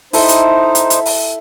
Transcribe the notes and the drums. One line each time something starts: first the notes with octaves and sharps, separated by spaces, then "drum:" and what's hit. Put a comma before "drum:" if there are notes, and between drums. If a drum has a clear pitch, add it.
D#4 E4 A4 C5 E5, drum: open hi-hat
drum: hi-hat
drum: hi-hat
drum: hi-hat
drum: open hi-hat